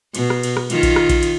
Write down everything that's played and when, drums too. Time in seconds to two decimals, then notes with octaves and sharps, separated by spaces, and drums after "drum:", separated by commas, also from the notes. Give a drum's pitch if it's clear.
0.15 B2, drum: cymbal
0.30 drum: rim click
0.43 drum: cymbal
0.57 drum: rim click
0.70 D#3 F4, drum: cymbal
0.83 drum: kick A#1, cymbal
0.96 drum: rim click
1.09 drum: kick A#1, cymbal
1.23 drum: cymbal